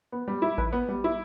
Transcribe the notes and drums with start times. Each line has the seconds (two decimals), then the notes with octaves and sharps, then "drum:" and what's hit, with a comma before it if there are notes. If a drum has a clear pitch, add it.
0.12 B3
0.28 G3
0.42 E4
0.58 B4, drum: kick A1
0.73 B3
0.89 G3
1.04 E4